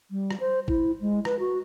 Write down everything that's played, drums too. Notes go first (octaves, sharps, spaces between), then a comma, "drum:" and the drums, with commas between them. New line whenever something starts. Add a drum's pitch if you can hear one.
G3
drum: rim click
C5
E4, drum: kick G#1
G#3
B4, drum: rim click
F#4